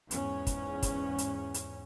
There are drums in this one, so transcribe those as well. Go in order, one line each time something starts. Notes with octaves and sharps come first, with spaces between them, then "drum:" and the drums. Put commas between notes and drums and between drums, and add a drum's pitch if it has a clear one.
E2 G#2 C#4, drum: hi-hat
drum: kick, hi-hat
drum: kick, hi-hat
drum: hi-hat
drum: hi-hat